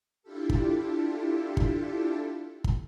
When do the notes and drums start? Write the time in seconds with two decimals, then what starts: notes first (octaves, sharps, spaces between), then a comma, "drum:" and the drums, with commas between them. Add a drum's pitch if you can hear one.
0.23 D4 E4 F4 G4 A4
0.50 drum: kick
1.57 drum: kick
2.64 drum: kick